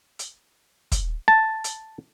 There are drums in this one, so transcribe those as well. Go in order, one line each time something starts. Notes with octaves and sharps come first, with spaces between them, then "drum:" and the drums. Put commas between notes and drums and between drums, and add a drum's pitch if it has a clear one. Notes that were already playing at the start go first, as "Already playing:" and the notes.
drum: hi-hat
drum: kick, hi-hat
A5
drum: hi-hat